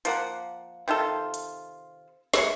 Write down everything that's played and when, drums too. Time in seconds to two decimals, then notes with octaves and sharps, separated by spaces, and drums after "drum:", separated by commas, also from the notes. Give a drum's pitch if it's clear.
0.05 F3 A#3 F#5, drum: hi-hat
0.88 C3 D#3 F4 A4
1.34 drum: hi-hat
2.34 G#3 C#5 E5 C#6, drum: snare